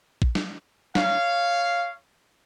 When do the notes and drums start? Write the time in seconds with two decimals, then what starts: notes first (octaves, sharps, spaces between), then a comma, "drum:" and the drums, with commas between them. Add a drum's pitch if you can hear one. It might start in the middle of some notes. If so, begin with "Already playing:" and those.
0.22 drum: kick
0.35 drum: snare
0.95 C#5 F5, drum: snare